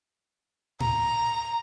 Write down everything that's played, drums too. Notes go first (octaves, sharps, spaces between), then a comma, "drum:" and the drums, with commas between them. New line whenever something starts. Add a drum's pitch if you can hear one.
A#5, drum: tom A2